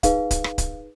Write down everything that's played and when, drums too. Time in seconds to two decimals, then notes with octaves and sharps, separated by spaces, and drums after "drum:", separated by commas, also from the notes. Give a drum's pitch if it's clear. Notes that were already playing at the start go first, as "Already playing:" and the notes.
0.03 D#4 G#4 B4 F5, drum: kick C#1, hi-hat
0.31 drum: kick C#1, hi-hat
0.44 drum: rim click
0.58 drum: kick C#1, hi-hat